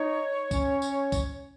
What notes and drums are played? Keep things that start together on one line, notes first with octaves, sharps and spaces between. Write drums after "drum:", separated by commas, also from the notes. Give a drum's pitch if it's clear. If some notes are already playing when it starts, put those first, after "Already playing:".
Already playing: D#4 C#5
C#4, drum: kick, tambourine
drum: tambourine
drum: kick, tambourine